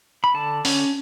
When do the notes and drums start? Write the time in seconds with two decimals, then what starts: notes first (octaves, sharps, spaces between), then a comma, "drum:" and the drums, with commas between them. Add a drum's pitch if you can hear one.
0.24 B5
0.34 D3 A5
0.65 C#4, drum: open hi-hat